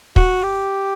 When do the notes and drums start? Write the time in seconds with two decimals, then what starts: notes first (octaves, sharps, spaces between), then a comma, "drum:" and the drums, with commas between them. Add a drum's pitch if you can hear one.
0.16 F#4, drum: kick
0.43 G4